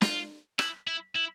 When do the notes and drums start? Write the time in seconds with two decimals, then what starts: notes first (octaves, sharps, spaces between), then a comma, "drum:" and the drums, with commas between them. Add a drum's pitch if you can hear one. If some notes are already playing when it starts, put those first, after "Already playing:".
0.02 F4, drum: snare
0.59 E4, drum: rim click
0.87 E4
1.16 E4